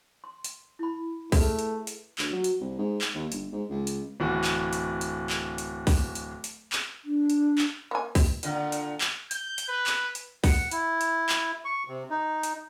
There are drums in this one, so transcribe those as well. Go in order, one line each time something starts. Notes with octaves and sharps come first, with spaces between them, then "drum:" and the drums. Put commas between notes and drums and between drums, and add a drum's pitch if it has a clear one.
C6
drum: hi-hat
E4 B5
A3 G#4 B4, drum: kick, open hi-hat
drum: hi-hat
drum: hi-hat
D2, drum: clap
F#3
drum: hi-hat
C2
G#2
drum: clap
D#2
G1, drum: hi-hat
G#2
C#2
drum: hi-hat
D1 E3 F#4
drum: clap
drum: hi-hat
drum: hi-hat
drum: clap
drum: hi-hat
drum: kick, open hi-hat
drum: hi-hat
drum: hi-hat
drum: clap
D4
drum: hi-hat
drum: clap
A#3 G#5
drum: kick, open hi-hat
A#2 D3, drum: hi-hat
drum: hi-hat
drum: clap
G6, drum: hi-hat
drum: hi-hat
B4
drum: clap
drum: hi-hat
F#5, drum: kick, open hi-hat
E4, drum: hi-hat
drum: hi-hat
drum: clap
C#6
C3
D#4
drum: hi-hat